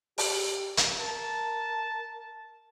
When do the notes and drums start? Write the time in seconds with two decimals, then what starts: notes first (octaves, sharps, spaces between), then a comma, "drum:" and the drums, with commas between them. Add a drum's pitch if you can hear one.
0.18 G4, drum: open hi-hat
0.77 drum: hi-hat
1.00 A#4 A5